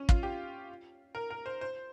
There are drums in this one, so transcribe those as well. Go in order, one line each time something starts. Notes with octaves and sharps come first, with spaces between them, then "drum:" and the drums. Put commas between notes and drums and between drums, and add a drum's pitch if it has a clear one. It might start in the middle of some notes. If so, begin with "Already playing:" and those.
Already playing: C#4
F4, drum: kick
G4
A#4
A#4
C5
C5